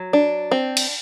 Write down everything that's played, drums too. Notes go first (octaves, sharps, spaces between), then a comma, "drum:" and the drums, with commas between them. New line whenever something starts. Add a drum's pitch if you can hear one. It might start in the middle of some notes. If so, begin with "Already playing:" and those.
Already playing: F#3
D4
C4
drum: cymbal